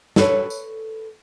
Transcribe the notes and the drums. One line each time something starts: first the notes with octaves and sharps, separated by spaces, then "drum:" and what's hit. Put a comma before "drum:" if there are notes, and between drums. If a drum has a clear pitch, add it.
A4 B4 C#5, drum: snare
drum: tambourine